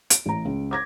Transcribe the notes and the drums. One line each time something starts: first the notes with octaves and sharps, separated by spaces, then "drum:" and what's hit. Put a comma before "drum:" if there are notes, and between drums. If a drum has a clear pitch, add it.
D7, drum: hi-hat
A1 A#5
C#2
D6 G#6 A#6